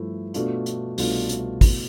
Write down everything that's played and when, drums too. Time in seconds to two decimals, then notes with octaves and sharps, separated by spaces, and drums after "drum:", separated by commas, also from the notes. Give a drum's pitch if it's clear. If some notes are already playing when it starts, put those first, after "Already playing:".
Already playing: G2 F3 A3 E4
0.34 B2 A3 D4 F4, drum: hi-hat
0.66 drum: hi-hat
0.98 C2 B2 A3 D4 F4, drum: open hi-hat
1.29 drum: hi-hat
1.61 B2 A3 E4, drum: kick, open hi-hat